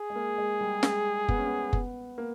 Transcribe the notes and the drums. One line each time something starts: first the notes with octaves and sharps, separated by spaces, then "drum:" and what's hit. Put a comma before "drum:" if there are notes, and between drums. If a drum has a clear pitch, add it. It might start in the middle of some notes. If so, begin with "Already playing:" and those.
Already playing: G#4
G#3
A#3
G#3
G3
G#3, drum: snare
B3, drum: kick F#1
C#4
B3
B3, drum: kick F#1
A#3